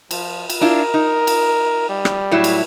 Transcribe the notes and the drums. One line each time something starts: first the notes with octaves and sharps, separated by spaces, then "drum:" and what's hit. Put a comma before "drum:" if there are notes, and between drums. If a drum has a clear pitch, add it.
F3, drum: cymbal
drum: cymbal
D4 E4 F4 A#4
D#4
drum: cymbal
G3
drum: rim click
A2 F#3 E4
drum: cymbal